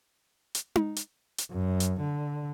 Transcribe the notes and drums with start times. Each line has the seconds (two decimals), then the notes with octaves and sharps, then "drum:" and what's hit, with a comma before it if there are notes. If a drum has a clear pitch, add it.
0.55 drum: hi-hat
0.76 drum: tom D#4
0.96 drum: hi-hat
1.38 drum: hi-hat
1.52 F#2
1.80 drum: hi-hat
2.01 D3